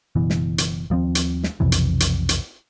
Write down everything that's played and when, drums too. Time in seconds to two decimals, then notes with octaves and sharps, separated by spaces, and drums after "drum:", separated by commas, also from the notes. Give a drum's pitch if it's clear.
0.16 F#1 B2 E3
0.30 drum: snare
0.58 drum: hi-hat
0.90 D#2 F3 F#3 C4
1.15 drum: hi-hat
1.44 drum: snare
1.60 B1 F2 C3 E3
1.72 drum: hi-hat
2.00 drum: hi-hat
2.29 drum: hi-hat